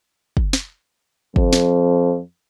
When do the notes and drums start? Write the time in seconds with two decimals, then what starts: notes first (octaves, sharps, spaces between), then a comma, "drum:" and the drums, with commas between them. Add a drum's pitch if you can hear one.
0.37 drum: kick
0.53 drum: snare
1.36 F2, drum: kick
1.53 drum: snare